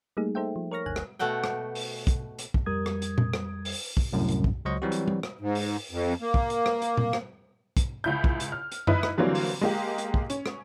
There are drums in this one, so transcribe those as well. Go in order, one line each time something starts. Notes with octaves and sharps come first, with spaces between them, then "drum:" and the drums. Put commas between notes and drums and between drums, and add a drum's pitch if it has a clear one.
G3 A3 A#3 D#4 G#4
D#4 A4 C5 E5 G5
F3
A#4 C#5 C#6 F6 A#6
G1 D2 G#5 F#6
drum: rim click
B2 A3 F#4 F#5 G5
drum: rim click
drum: open hi-hat
drum: kick, hi-hat
drum: hi-hat
drum: kick
F2 G3 A#4 D#6 G#6
drum: rim click
drum: hi-hat
drum: tom A#2
drum: rim click
drum: open hi-hat
drum: kick
C2 F#2 A2
drum: hi-hat
drum: kick
C#2 F#3 F#4 C5 D#5 C#6
E3 F#3 G3 C4 F#4
drum: hi-hat
drum: tom G3
drum: rim click
G#2
drum: open hi-hat
F2
A#3
drum: kick
drum: hi-hat
drum: rim click
drum: hi-hat
drum: tom A#2
drum: rim click
drum: kick, hi-hat
C#2 E4 G6
drum: kick
drum: hi-hat
F6
drum: hi-hat
D#4 E4 B4, drum: tom F#2
drum: rim click
D3 E3 F#3 G3 A#3 C4
drum: open hi-hat
G#3 A#3 G4
drum: hi-hat
drum: kick
C#4, drum: hi-hat
drum: rim click